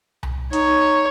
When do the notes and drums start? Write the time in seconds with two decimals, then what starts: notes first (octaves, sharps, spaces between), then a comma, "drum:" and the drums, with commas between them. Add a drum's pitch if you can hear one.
0.23 drum: tom C2
0.53 D#4 C#5, drum: hi-hat